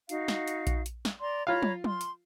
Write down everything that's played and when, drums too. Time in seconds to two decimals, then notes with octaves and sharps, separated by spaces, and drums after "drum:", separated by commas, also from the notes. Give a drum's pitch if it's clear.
0.09 D#4 F#4 F5, drum: hi-hat
0.28 drum: snare
0.48 drum: hi-hat
0.67 drum: kick A#1, hi-hat
0.86 drum: hi-hat
1.05 drum: snare
1.20 D5 A#5 C6
1.47 F4 C#5 F5 A#5 B5
1.62 drum: tom
1.84 C6, drum: tom
2.01 drum: hi-hat